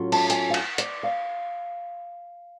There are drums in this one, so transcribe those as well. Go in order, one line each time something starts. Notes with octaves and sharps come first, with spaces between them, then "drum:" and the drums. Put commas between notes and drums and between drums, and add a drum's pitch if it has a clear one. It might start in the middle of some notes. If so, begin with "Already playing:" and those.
Already playing: A2 F#3 C#4 F4
A5, drum: cymbal
G#5, drum: hi-hat
F5
F#5, drum: cymbal
D5, drum: hi-hat
F5